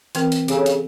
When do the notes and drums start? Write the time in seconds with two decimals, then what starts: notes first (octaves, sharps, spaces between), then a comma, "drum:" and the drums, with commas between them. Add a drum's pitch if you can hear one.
0.15 E3 C4 A#4, drum: hi-hat
0.32 drum: hi-hat
0.48 C#3 G4 A4, drum: hi-hat
0.66 drum: hi-hat